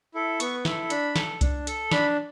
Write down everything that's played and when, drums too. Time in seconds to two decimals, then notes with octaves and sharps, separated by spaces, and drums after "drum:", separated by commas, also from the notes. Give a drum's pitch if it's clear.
0.14 E4 A4
0.40 B3 C#6, drum: hi-hat
0.65 E4 A4, drum: snare
0.90 D4 B5, drum: hi-hat
1.16 A4, drum: snare
1.41 D4, drum: kick C2, hi-hat
1.67 A4, drum: hi-hat
1.91 D4 B5, drum: snare